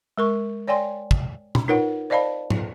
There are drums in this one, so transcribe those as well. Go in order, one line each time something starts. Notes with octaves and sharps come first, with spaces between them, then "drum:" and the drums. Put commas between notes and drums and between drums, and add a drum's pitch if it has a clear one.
G#3 A#4 C#6
C#5 D5 G5 G#5 C6
drum: kick
drum: tom A#2
D#4 F4 A#4 B4 C#5 F#5
C5 D5 D#5 F5 A5 B5
drum: tom G#2